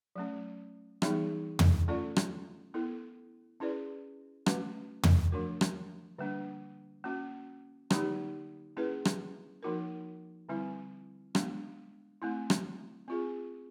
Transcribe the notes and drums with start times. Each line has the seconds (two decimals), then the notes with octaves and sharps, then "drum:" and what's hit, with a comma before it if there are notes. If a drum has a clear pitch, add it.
0.15 F#3 A3 C#4
1.02 E3 G3 B3 D#4 G#4, drum: rim click
1.59 drum: tom
1.88 A3 C#4 F4 A4 D5
2.16 drum: rim click
2.74 B3 E4 A4
3.60 C#4 E4 G#4 B4 D5
4.46 A3 C#4 F#4 B4, drum: rim click
5.03 drum: tom
5.32 F3 A3 D4 F#4 A#4
5.61 drum: rim click
6.18 D3 G3 A#3 D4
7.04 A#3 C#4 F#4
7.90 D3 F#3 A#3 D#4 G4, drum: rim click
8.77 A#3 C#4 E4 G#4 B4
9.05 drum: rim click
9.63 F3 A#3 D#4 F#4 A#4
10.49 D3 G3 C4 E4
11.35 G#3 B3 D4, drum: rim click
12.22 A3 C4 E4
12.50 drum: rim click
13.08 C4 F4 G#4